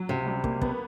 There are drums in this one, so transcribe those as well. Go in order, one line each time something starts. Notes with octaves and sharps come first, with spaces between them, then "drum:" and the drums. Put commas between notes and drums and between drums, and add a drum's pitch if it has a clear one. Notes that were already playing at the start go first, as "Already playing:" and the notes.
Already playing: F#3
C#2 C3
G3
A#3, drum: kick
B3, drum: kick